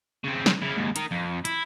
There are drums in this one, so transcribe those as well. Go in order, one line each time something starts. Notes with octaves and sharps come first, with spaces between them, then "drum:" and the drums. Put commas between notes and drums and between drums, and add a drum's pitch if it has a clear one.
C#3 C4
drum: snare
C#3 E4
D#2 G#2
D#4 A#4, drum: hi-hat
F2
E4, drum: hi-hat